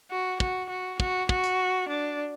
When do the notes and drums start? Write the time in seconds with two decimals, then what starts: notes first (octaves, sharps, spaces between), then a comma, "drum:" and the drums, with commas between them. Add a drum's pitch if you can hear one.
0.11 F#4
0.40 F#4, drum: kick
0.69 F#4
1.00 F#4, drum: kick
1.29 F#4, drum: kick
1.44 drum: hi-hat
1.88 D4